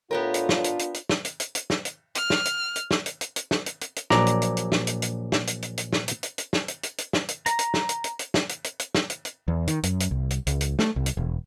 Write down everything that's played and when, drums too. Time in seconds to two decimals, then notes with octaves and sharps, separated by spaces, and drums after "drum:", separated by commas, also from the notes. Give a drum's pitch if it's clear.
0.11 A2 B3 D4 F4 G4 A#4
0.34 drum: hi-hat
0.49 drum: snare
0.64 drum: hi-hat
0.79 drum: hi-hat
0.94 drum: hi-hat
1.09 drum: snare
1.25 drum: hi-hat
1.40 drum: hi-hat
1.55 drum: hi-hat
1.70 drum: snare
1.85 drum: hi-hat
2.15 F6, drum: hi-hat
2.30 drum: snare
2.45 drum: hi-hat
2.76 drum: hi-hat
2.91 drum: snare
3.06 drum: hi-hat
3.21 drum: hi-hat
3.36 drum: hi-hat
3.51 drum: snare
3.66 drum: hi-hat
3.81 drum: hi-hat
3.96 drum: hi-hat
4.10 A#1 F#3 D5 A#5, drum: snare
4.27 drum: hi-hat
4.42 drum: hi-hat
4.57 drum: hi-hat
4.72 drum: snare
4.87 drum: hi-hat
5.02 drum: hi-hat
5.32 drum: snare
5.47 drum: hi-hat
5.62 drum: hi-hat
5.77 drum: hi-hat
5.93 drum: snare
6.08 drum: hi-hat
6.23 drum: hi-hat
6.38 drum: hi-hat
6.53 drum: snare
6.68 drum: hi-hat
6.83 drum: hi-hat
6.98 drum: hi-hat
7.13 drum: snare
7.28 drum: hi-hat
7.46 A#5, drum: hi-hat
7.59 drum: hi-hat
7.74 drum: snare
7.89 drum: hi-hat
8.04 drum: hi-hat
8.19 drum: hi-hat
8.34 drum: snare
8.49 drum: hi-hat
8.64 drum: hi-hat
8.79 drum: hi-hat
8.95 drum: snare
9.10 drum: hi-hat
9.25 drum: hi-hat
9.48 E2
9.67 D#3, drum: hi-hat
9.83 F#2, drum: hi-hat
10.00 drum: hi-hat
10.11 C2
10.30 drum: hi-hat
10.47 C#2, drum: hi-hat
10.61 drum: hi-hat
10.79 A3, drum: snare
10.96 C2
11.06 drum: hi-hat
11.17 E1